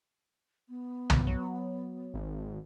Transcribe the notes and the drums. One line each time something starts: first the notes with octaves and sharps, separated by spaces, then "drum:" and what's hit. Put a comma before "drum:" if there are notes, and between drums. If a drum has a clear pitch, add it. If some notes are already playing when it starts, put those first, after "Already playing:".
B3
A#2, drum: tom
F#3
G#1